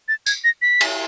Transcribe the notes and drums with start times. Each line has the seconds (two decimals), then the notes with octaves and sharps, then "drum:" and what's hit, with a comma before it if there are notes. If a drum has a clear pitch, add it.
0.08 A6
0.26 G#6, drum: tambourine
0.44 A#6
0.62 B6
0.81 drum: cymbal